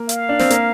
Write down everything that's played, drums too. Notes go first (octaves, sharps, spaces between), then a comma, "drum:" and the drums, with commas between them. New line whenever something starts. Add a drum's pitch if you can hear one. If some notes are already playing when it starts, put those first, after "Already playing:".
Already playing: A#3
F5, drum: hi-hat
D4
C4, drum: snare
A#3, drum: hi-hat